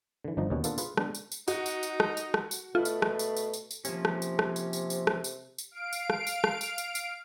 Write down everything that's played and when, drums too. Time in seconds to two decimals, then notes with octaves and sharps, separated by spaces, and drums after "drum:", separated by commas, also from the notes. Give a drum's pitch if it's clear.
0.24 D3 E3
0.37 G1 F3 D4 D#4 D#5
0.50 D#2 B2 C#4 D#4 F#5
0.64 A#3 B3 D4 F4 A4 B4, drum: tambourine
0.78 F4 G#4 B4, drum: tambourine
0.97 G#3 B3 D4, drum: rim click
1.15 drum: tambourine
1.32 drum: tambourine
1.48 D#4 F#4, drum: tambourine
1.66 drum: tambourine
1.83 drum: tambourine
2.00 drum: rim click
2.17 drum: tambourine
2.34 drum: rim click
2.51 drum: tambourine
2.75 B2 A3 F4
2.85 drum: tambourine
3.02 drum: rim click
3.19 drum: tambourine
3.36 drum: tambourine
3.54 drum: tambourine
3.71 drum: tambourine
3.85 C3 F3 A#3 C#4, drum: tambourine
4.05 drum: rim click
4.22 drum: tambourine
4.39 drum: rim click
4.56 drum: tambourine
4.73 drum: tambourine
4.90 drum: tambourine
5.07 drum: rim click
5.24 drum: tambourine
5.58 drum: tambourine
5.71 F5 D7
5.93 drum: tambourine
6.10 drum: rim click
6.27 drum: tambourine
6.44 drum: rim click
6.61 drum: tambourine
6.78 drum: tambourine
6.95 drum: tambourine